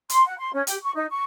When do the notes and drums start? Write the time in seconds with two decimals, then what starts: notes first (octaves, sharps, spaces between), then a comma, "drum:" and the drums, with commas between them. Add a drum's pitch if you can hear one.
0.09 C6, drum: hi-hat
0.25 F#5
0.38 C6
0.54 C#4
0.67 G4, drum: hi-hat
0.82 C#6
0.95 D#4
1.10 C#6